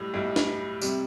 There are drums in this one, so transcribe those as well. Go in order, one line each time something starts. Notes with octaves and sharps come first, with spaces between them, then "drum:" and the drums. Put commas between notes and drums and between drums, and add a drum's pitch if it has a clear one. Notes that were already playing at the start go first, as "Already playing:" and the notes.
Already playing: B1 A2 G3
B1 A2 G3
drum: snare
C3 G3, drum: tambourine